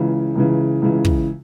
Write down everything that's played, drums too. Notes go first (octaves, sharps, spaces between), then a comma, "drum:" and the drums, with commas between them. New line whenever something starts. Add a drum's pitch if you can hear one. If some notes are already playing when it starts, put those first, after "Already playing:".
Already playing: C#2 C#3 E3
C#2 C#3 E3
C#2 C#3 E3
drum: kick